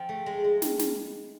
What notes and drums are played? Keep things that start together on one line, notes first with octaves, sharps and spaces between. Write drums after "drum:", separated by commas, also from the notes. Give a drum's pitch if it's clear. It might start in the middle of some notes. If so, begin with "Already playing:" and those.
Already playing: F3 C#4 A4 G5
A3
G#3
G#3
drum: snare
drum: snare